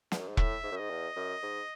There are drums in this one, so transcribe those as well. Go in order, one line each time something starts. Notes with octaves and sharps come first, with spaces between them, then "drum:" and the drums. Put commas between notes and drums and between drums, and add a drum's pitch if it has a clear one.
E2, drum: snare
F#2
G#2
A2 E5, drum: kick E1
G#2
F#2
G#2 D#5
E2
F#2
G#2